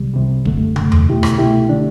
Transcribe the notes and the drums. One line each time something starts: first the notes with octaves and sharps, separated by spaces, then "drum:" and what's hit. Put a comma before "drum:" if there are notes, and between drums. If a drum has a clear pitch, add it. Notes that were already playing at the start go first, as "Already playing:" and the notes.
Already playing: C2 C3 G3
C2 C3 G3
F#2 D3 A3, drum: kick
F#2 D3 A3, drum: tom
drum: tom E2
C2 B2 A3 E4 G4
drum: rim click
C2 B2 A3 E4 G4
D3 A3 D4